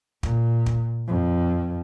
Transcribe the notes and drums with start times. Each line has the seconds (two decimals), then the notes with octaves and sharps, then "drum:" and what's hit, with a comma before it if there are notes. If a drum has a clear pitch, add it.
0.23 A#2, drum: kick
0.66 drum: kick
1.08 F2